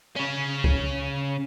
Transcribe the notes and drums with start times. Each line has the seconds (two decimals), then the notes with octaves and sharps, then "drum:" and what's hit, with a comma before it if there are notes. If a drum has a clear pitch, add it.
0.17 C#3 C#4
0.64 drum: kick C2